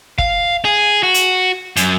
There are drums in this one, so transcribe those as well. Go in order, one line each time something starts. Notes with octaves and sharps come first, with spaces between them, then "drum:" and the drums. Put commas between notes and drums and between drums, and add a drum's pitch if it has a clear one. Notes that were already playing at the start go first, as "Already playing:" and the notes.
F5, drum: kick
G#4
F#4
drum: hi-hat
F#2, drum: hi-hat